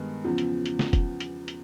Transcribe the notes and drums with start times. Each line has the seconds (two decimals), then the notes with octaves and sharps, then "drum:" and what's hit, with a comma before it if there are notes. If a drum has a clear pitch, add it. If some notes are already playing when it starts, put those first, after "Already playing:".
Already playing: G2 D#3 G#3 B3
0.24 E2 C#3 F3
0.38 drum: hi-hat
0.66 drum: hi-hat
0.79 drum: snare
0.93 drum: kick, hi-hat
1.20 drum: hi-hat
1.48 drum: hi-hat